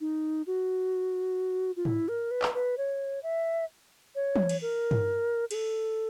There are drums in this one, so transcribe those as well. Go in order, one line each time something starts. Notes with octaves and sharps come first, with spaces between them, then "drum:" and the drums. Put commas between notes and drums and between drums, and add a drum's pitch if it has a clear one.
D#4
F#4
F4
E4, drum: tom G#2
A#4
B4
drum: clap
B4
C#5
E5
C#5
drum: tom
drum: cymbal
A#4
drum: tom G2
G#4, drum: cymbal
A4